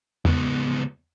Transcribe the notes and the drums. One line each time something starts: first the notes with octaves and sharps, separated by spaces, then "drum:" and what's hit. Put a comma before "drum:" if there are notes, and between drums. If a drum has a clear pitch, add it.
C#2 B3, drum: tom